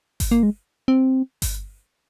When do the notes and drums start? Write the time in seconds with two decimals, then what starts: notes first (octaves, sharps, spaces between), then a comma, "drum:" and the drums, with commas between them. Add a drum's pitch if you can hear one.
0.20 drum: kick G1, open hi-hat
0.31 A#3
0.43 G#3
0.88 C4
1.42 drum: kick G1, open hi-hat